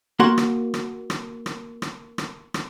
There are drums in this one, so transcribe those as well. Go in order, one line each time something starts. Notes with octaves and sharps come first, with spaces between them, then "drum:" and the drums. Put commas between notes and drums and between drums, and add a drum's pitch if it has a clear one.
A#3 F#4 A#4 F#5 C6
drum: rim click
drum: rim click
drum: rim click
drum: rim click
drum: rim click
drum: rim click
drum: rim click